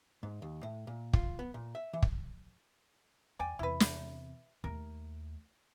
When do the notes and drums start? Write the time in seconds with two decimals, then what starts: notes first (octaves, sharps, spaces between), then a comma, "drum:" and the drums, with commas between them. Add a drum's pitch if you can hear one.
0.23 G#2
0.42 D#2
0.63 A2
0.87 A#2
1.13 F4, drum: kick
1.39 B3
1.54 A#2
1.75 E5
1.93 E3
2.02 drum: kick
3.39 E2 D5 G5 G#5
3.59 E2 C3 E4 B4
3.80 drum: snare
4.64 D#2 A3 A#4